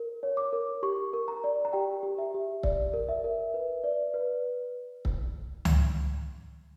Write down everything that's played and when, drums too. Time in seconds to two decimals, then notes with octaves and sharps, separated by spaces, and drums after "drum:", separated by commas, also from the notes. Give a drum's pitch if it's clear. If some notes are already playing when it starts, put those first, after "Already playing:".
Already playing: A#4
0.23 C#5
0.37 D6
0.53 A#4
0.83 G4 C#6
1.13 A#4
1.28 A#5
1.44 D5
1.65 A#5
1.73 G4 G5
2.03 G4
2.18 E5
2.34 G4
2.63 D5, drum: kick
2.94 A#4
3.09 E5
3.24 A#4
3.54 B4
3.84 D5
4.14 B4
5.05 drum: kick
5.65 drum: tom C#2